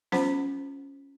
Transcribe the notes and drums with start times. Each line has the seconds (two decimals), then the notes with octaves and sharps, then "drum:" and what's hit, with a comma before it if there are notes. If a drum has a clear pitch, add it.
0.12 C#4 F4 C5 F#5 B5, drum: snare B3